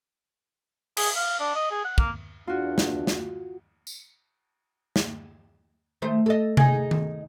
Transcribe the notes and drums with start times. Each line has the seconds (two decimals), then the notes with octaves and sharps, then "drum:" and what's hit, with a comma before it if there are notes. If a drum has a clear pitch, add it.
0.97 G#4, drum: cymbal
1.16 F5
1.39 D4
1.55 D#5
1.71 G#4
1.84 F#5
1.98 A#3, drum: kick
2.47 E2 D4 F4 F#4
2.78 drum: snare
3.07 drum: snare
3.87 drum: tambourine
4.96 drum: snare
6.02 D#3 A3 C5
6.26 A4 D#5
6.57 D#4 G#4, drum: tom C3
6.91 drum: tom D#3